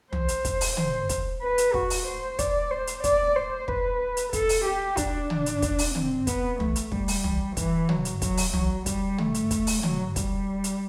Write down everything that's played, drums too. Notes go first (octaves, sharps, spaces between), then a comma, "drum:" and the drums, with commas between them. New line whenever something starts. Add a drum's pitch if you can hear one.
C5, drum: tom
drum: hi-hat
drum: kick, hi-hat
drum: open hi-hat
C5, drum: tom
drum: kick, hi-hat
B4
drum: hi-hat
F#4, drum: kick
drum: open hi-hat
C5
D5, drum: kick, hi-hat
C5
drum: hi-hat
D5, drum: kick, hi-hat
C5
B4, drum: kick
drum: hi-hat
A4, drum: kick, hi-hat
drum: open hi-hat
G4
D4, drum: kick, hi-hat
drum: tom
drum: hi-hat
drum: kick, hi-hat
drum: open hi-hat
C4, drum: tom
B3, drum: kick, hi-hat
A3, drum: tom
drum: hi-hat
G3, drum: kick
drum: open hi-hat
drum: tom
E3, drum: kick, hi-hat
F#3, drum: tom
drum: hi-hat
F#3, drum: kick, hi-hat
drum: open hi-hat
F#3, drum: tom
G3, drum: kick, hi-hat
A3, drum: tom
drum: hi-hat
drum: kick, hi-hat
drum: open hi-hat
F#3, drum: tom
G3, drum: kick, hi-hat
drum: hi-hat